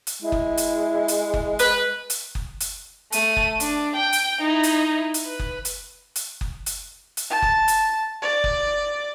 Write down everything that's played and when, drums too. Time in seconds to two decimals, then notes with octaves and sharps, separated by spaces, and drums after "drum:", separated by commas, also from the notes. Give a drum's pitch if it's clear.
0.07 drum: hi-hat
0.22 G#3 E4
0.32 drum: kick F#1
0.57 drum: hi-hat
1.08 drum: hi-hat
1.34 drum: kick F#1
1.59 B4, drum: hi-hat
2.10 drum: hi-hat
2.35 drum: kick F#1
2.60 drum: hi-hat
3.12 A3 D#7, drum: hi-hat
3.37 drum: kick F#1
3.60 D4, drum: hi-hat
3.95 G5
4.13 drum: hi-hat
4.41 D#4 E4
4.63 drum: hi-hat
5.14 drum: hi-hat
5.24 B4
5.39 drum: kick F#1
5.65 drum: hi-hat
6.16 drum: hi-hat
6.41 drum: kick F#1
6.66 drum: hi-hat
7.17 drum: hi-hat
7.30 A5
7.42 drum: kick F#1
7.68 drum: hi-hat
8.22 D5
8.44 drum: kick F#1